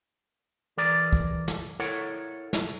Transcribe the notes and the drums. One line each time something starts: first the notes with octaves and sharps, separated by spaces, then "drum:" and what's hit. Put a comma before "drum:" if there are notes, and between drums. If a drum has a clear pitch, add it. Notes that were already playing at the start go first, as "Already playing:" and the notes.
E3 G#4 A#4 D5
drum: kick
drum: snare
E4 A4 A#4 C#5 F#5
drum: snare